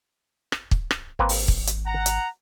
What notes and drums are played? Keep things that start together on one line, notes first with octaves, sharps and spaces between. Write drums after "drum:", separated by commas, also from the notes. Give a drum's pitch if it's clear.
drum: rim click
drum: kick
drum: rim click
G#1 A#3 C4 B4
drum: open hi-hat
drum: kick
drum: hi-hat
F#5 A#5
drum: hi-hat